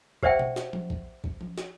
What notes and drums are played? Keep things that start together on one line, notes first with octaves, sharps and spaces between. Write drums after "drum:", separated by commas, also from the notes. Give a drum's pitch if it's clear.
G4 C5 D5 E5 F#5 G5, drum: kick
drum: tom B2
drum: snare
drum: tom F3
drum: kick
drum: kick
drum: tom F3
drum: snare